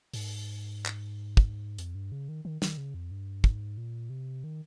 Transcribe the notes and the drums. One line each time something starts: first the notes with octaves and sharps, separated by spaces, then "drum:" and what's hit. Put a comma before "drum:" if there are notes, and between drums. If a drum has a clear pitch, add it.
G#2, drum: open hi-hat
drum: clap
drum: kick
F2, drum: hi-hat
G2
C#3
D#3
D#3
D#3, drum: snare
C#3
F2
G2
G#2, drum: kick
A#2
C3
D#3